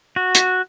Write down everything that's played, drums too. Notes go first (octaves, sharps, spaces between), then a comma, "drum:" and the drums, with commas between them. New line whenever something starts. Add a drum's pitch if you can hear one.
F#4
drum: hi-hat